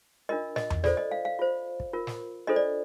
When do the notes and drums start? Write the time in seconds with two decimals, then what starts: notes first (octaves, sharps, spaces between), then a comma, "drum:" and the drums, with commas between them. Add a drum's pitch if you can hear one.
0.29 D4 F4 A#4 D#5
0.56 D#5, drum: snare
0.70 drum: tom E2
0.84 F4 A4 C5 D5, drum: snare
0.97 D#5
1.11 F5
1.25 F5
1.39 F4 C5
1.80 drum: kick
1.93 F4 A#4
2.07 drum: snare
2.47 D4 F4 A4 C5 D#5
2.56 D5